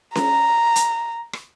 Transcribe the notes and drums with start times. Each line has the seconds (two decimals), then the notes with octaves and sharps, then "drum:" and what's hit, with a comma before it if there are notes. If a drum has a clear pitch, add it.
0.15 A#5, drum: snare C#4
0.76 drum: hi-hat
1.33 drum: rim click